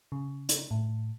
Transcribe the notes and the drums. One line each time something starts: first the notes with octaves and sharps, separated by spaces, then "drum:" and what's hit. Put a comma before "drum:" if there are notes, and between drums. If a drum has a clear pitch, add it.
C#3
drum: hi-hat
A2